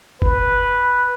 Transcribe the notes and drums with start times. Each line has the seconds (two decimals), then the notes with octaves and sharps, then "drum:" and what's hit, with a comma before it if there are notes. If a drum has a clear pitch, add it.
0.22 B4, drum: kick